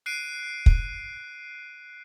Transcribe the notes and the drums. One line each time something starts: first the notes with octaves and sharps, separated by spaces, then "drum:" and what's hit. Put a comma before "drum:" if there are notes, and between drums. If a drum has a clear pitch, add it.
F#6 C7 D7 D#7
drum: kick